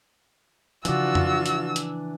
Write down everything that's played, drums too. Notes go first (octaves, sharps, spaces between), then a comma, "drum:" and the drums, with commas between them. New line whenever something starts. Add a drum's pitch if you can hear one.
C#3 E3 F3 D4 F4 F#4 D5 E6, drum: hi-hat
drum: tom F2
drum: hi-hat
drum: hi-hat